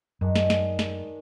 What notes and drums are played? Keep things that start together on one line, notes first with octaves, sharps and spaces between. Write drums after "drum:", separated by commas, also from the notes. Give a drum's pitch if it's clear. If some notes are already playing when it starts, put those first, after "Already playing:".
F#2 D#3 G#3 D4
drum: snare
drum: snare
drum: snare